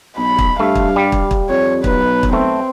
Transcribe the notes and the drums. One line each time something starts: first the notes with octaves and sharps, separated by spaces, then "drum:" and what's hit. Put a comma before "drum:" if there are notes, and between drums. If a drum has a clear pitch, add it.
B1 B5
drum: kick
G2 A3 F5
drum: kick
G3
drum: kick
drum: kick
F2 C#5
B1 B4, drum: kick
drum: kick
A3 C4